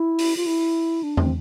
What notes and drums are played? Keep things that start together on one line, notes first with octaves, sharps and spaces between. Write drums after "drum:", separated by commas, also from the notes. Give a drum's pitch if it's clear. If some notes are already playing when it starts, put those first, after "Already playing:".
Already playing: E4
drum: open hi-hat
F4
E4
D4
C4, drum: tom E2